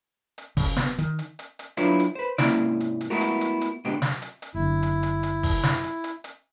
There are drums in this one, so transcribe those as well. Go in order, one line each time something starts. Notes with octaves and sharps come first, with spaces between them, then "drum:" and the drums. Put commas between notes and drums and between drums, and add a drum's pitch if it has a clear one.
drum: hi-hat
C#3, drum: kick, open hi-hat
B3, drum: snare
D#3, drum: hi-hat
drum: hi-hat
drum: hi-hat
drum: hi-hat
F#3 D4 E4 F4 B4 C#5, drum: hi-hat
drum: hi-hat
B4 C5
G#2 C3 A#3 C#4 E4 D5, drum: snare
drum: hi-hat
drum: hi-hat
G#3 A3 B3 E4 F#4 A#4
drum: hi-hat
drum: hi-hat
drum: hi-hat
G#2 B2 D3 G4
drum: snare
drum: hi-hat
drum: hi-hat
F#1 D3 E4
drum: hi-hat
drum: hi-hat
drum: hi-hat
drum: kick, open hi-hat
drum: snare
drum: hi-hat
drum: hi-hat
drum: hi-hat